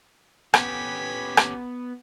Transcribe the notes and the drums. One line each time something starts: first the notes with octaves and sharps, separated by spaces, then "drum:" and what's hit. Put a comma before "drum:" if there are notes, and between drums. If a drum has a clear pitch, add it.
B3 C#4 G4 G#6 B6, drum: rim click
drum: rim click